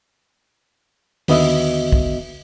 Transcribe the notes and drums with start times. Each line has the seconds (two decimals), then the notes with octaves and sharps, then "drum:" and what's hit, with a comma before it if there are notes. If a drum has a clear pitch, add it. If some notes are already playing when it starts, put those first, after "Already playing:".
1.28 D#2 D3 B3 F#4 D#5 E5, drum: open hi-hat
1.92 drum: kick